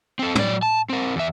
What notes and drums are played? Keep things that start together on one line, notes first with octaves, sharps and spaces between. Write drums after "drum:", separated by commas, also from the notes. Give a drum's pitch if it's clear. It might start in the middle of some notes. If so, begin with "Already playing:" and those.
C4 A4
F#3 D5, drum: tom
A5
C4 A#4
E2 E5